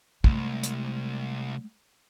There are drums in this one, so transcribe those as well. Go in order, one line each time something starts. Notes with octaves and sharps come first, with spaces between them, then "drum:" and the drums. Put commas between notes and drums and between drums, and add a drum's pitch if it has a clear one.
C2 G#3 A3, drum: kick
drum: hi-hat